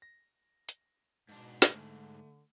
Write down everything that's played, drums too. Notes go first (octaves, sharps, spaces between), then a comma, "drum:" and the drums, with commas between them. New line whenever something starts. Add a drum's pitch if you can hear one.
A#6
drum: hi-hat
G#2 B2 D4
drum: snare
D3 A3